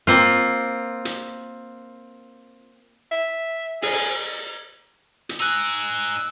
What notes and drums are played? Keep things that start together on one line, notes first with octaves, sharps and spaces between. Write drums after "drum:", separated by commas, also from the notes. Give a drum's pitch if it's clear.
A#3 C4 F4
drum: hi-hat
E5
G#4, drum: open hi-hat
drum: hi-hat
D#4 G#4 E6 F#6